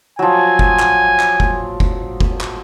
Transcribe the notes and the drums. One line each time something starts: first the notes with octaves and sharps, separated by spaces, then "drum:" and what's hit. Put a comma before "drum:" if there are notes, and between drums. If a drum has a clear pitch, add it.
F3 F#3 G#5
drum: kick F#1
drum: clap
drum: clap
drum: kick F#1
drum: kick F#1
drum: kick F#1
drum: clap